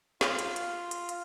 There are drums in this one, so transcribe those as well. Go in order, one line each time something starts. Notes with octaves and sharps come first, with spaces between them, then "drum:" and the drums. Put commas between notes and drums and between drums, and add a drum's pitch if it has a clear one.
F4, drum: snare
drum: hi-hat
drum: hi-hat
drum: hi-hat
drum: hi-hat